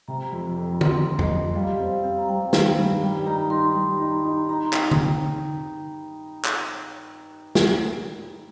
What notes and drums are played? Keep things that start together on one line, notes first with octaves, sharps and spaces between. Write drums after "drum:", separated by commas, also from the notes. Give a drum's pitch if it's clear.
C3 A#5
F2
F2
F2 C6, drum: tom D3
F2
D#5, drum: tom F2
F2
G3 F5
C4 F5
C4 F5
A#5
G3 G5
D#3, drum: snare
G2
G3 G5
D#4 A#5
D#4 C6
G3
D#4
D#4
D#4 A#5
D#4 G5, drum: clap
drum: tom D3
drum: clap
drum: snare